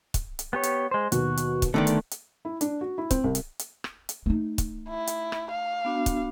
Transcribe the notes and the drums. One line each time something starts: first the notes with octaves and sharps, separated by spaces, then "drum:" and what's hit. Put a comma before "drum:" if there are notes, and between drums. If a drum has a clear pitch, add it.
drum: kick, hi-hat
drum: hi-hat
B3 G4 C#5
drum: hi-hat
G#3 C5
D#2 B2 F#4, drum: hi-hat
drum: hi-hat
drum: kick, hi-hat
D3 D#3 A3 B3 D4
drum: hi-hat
drum: hi-hat
E4
D4, drum: hi-hat
F#4
E4
C4, drum: kick, hi-hat
C2
drum: hi-hat
drum: hi-hat
drum: rim click
drum: hi-hat
A3 D#4
drum: kick, hi-hat
E4
drum: hi-hat
drum: rim click
F5
B3 D4 F#4
drum: kick, hi-hat